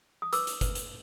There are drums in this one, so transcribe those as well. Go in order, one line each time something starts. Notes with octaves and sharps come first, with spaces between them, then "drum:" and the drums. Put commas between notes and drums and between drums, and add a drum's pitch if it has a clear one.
D#6
B4 D6 E6, drum: hi-hat
drum: hi-hat
B4, drum: kick F#1, hi-hat
drum: hi-hat